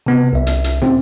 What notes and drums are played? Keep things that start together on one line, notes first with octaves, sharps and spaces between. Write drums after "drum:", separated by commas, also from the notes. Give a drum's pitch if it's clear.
C3 B3
C2 E5
drum: hi-hat
drum: hi-hat
C4, drum: tom